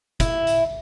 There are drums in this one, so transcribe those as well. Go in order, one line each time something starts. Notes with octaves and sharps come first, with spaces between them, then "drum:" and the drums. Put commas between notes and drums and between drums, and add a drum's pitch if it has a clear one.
E4, drum: kick, hi-hat
drum: hi-hat